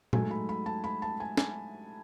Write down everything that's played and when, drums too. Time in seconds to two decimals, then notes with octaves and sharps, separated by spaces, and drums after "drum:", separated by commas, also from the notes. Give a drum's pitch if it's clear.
0.13 G#2 F#3 A3 G#5, drum: tom
0.31 B5
0.49 B5
0.66 A5
0.84 B5
1.02 A5
1.20 G#5
1.37 G#5, drum: snare